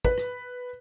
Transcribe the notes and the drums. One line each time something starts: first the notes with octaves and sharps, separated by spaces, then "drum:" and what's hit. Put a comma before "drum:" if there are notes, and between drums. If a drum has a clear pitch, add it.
B4, drum: kick
drum: rim click